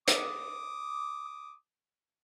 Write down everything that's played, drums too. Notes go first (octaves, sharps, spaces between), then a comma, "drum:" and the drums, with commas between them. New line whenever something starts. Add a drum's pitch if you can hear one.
D6 D#6, drum: hi-hat